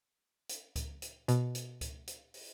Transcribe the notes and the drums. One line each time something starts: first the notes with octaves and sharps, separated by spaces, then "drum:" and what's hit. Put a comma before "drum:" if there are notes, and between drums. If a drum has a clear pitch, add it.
drum: hi-hat
drum: kick C#2, hi-hat
drum: hi-hat
B2, drum: hi-hat
drum: hi-hat
drum: kick C#2, hi-hat
drum: hi-hat
drum: open hi-hat